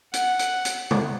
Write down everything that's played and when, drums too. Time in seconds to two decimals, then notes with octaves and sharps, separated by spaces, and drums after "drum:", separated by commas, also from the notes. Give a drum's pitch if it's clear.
0.14 F#5, drum: hi-hat
0.39 drum: hi-hat
0.65 drum: hi-hat
0.91 drum: tom C3